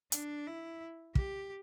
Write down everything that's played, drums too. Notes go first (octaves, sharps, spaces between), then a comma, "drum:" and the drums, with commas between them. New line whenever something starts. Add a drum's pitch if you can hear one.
D4, drum: hi-hat
E4
G4, drum: kick